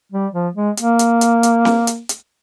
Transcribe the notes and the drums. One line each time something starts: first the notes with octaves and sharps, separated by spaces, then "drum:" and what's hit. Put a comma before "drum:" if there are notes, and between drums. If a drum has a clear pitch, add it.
G3
F3
G#3
A#3, drum: hi-hat
drum: hi-hat
drum: hi-hat
drum: hi-hat
drum: snare C4
drum: hi-hat
drum: hi-hat